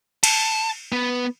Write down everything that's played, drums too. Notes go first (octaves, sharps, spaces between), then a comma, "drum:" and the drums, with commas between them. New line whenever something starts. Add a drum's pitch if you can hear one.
A5, drum: cymbal
B3